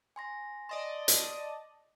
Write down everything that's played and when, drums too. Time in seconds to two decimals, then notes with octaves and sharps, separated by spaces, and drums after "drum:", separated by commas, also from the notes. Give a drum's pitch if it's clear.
0.16 G#5 C6 A#6
0.69 D5 D#5 A5 C6
1.08 drum: hi-hat